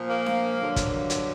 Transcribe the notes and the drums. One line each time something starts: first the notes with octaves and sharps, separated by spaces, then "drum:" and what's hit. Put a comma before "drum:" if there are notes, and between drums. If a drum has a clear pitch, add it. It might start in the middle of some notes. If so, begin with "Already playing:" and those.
Already playing: A#2 F3
A#3
drum: snare D4
G2 D3 F#3
drum: kick, hi-hat
drum: hi-hat